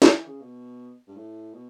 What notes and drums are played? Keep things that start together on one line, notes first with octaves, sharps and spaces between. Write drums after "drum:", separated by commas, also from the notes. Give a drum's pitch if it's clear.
D3, drum: snare
E3
C#3
B2
G2
A2
B2